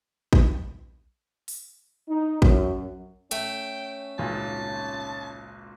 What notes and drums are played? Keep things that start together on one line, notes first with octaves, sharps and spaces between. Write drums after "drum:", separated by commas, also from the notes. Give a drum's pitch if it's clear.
drum: kick A1
drum: open hi-hat
D#4
F#2, drum: kick A1
A3 C#4 G5, drum: hi-hat
G#1 C#2 A#2 A5